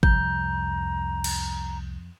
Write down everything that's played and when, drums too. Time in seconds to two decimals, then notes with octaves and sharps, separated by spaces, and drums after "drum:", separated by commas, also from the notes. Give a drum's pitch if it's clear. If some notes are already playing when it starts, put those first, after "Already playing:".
0.03 C2 F2 A#5 G6, drum: kick G#1
1.24 drum: cymbal